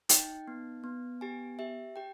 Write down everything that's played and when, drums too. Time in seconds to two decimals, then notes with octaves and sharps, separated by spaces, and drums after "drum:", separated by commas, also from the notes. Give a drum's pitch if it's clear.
0.09 D#4 G5, drum: hi-hat
0.48 B3
0.84 B3
1.21 G4 G#5
1.59 G4 E5
1.96 G4 G5